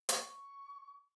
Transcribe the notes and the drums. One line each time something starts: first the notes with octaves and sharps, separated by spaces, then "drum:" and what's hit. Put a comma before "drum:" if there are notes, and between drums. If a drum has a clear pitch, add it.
C#6, drum: hi-hat